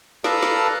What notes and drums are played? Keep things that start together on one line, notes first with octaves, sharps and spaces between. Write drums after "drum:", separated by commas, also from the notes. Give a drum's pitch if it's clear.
A4 B4 D5 F5 A5 A#5, drum: snare
drum: snare